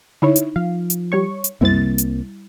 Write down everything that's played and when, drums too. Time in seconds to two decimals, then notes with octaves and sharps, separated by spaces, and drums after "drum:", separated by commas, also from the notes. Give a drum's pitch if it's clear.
0.22 D3 D#4 E4 C#5
0.36 drum: hi-hat
0.56 F3 F5
0.90 drum: hi-hat
1.12 G3 C#5 C#6
1.44 drum: hi-hat
1.61 C2 F#2 C3 G3 A#3 C4 E4 A6
1.98 drum: hi-hat